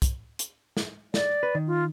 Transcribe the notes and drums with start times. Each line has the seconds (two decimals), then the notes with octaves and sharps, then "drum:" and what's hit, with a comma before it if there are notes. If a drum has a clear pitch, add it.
0.02 drum: kick, hi-hat
0.39 drum: hi-hat
0.77 drum: snare
1.14 D5, drum: snare
1.43 B4
1.55 D#3
1.67 F4